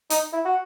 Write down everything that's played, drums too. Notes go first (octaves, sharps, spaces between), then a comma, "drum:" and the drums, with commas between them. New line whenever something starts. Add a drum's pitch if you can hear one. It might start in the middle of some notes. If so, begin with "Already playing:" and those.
D#4, drum: hi-hat
E4
F#4